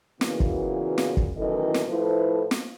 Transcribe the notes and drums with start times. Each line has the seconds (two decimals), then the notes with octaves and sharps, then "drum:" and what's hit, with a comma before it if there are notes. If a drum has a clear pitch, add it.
0.21 A#2 C#3 E3 A#3 B3 F#4, drum: snare
0.40 drum: kick
0.98 drum: snare
1.17 drum: kick
1.37 F#2 A2 D#3 E3 A4 D#5
1.74 drum: snare
1.89 A2 F3 E4 A4 B4 C5
2.51 drum: snare